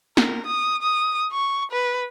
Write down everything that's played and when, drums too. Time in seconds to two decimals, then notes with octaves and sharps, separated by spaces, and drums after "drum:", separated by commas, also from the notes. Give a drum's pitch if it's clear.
0.17 A#4, drum: snare
0.47 D#6
0.82 D#6
1.32 C#6
1.72 B4